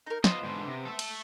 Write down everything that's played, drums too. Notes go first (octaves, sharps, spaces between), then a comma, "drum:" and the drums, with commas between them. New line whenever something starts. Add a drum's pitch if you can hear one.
D#4 A#4
B3 F4 C5 D#5, drum: snare
G#2 D3
C3
A4 E5
drum: cymbal